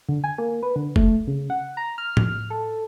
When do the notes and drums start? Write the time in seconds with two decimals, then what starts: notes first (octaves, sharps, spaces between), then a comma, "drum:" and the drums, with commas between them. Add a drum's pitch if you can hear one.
0.09 D3
0.24 G#5
0.38 A#3
0.63 B4
0.76 D3
0.96 A3, drum: kick
1.27 C#3
1.50 F#5
1.77 A#5
1.98 F6
2.17 drum: tom A2
2.50 A4